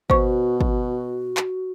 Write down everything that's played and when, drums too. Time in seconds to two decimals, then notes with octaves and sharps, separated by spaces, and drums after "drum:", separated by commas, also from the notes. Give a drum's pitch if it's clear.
0.10 B2 F#4 C5 C#6, drum: kick
0.61 drum: kick
1.37 drum: clap